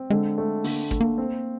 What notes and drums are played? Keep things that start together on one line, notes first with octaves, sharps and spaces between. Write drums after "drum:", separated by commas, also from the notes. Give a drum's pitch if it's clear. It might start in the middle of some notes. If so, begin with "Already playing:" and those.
Already playing: C4
D3 G#3
A3
D3 A#3, drum: open hi-hat
A3, drum: kick
A#3
C4